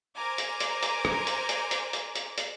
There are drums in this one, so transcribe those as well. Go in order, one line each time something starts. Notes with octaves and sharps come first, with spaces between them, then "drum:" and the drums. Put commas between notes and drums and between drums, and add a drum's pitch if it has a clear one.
A#4 C5 G#5 A#5 D6
drum: hi-hat
drum: hi-hat
drum: hi-hat
drum: rim click
drum: hi-hat
drum: hi-hat
drum: hi-hat
drum: hi-hat
drum: hi-hat
drum: hi-hat